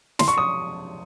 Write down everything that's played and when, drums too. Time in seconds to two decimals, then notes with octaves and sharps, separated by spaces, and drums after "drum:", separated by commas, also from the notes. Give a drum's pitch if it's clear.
0.19 C6, drum: snare
0.28 C#6
0.38 D#6